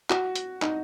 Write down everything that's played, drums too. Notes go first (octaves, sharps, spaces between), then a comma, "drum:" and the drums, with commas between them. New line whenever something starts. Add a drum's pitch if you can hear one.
F#4, drum: clap
drum: hi-hat
D#4, drum: clap